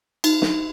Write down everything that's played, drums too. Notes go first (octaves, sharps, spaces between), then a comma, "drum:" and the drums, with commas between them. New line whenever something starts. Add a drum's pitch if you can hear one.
D#4, drum: cymbal
drum: snare